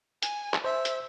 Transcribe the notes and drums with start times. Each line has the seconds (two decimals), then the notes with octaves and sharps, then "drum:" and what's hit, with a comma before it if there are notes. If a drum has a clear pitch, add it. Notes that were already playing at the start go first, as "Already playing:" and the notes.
0.23 G#5, drum: hi-hat
0.54 drum: clap
0.64 C5 E5
0.85 drum: hi-hat